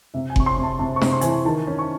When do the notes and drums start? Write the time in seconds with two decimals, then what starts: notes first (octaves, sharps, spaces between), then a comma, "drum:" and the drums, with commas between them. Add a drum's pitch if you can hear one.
0.14 C3 E5
0.30 G#5
0.36 C3 C#6, drum: kick F#1
0.46 C6
0.58 C3
0.63 A5
0.79 C3 A5
0.96 C#6
1.01 C3, drum: snare
1.13 C6
1.21 E3 G#5, drum: hi-hat
1.29 A5
1.45 D#3 A5
1.67 C#4
1.79 C#6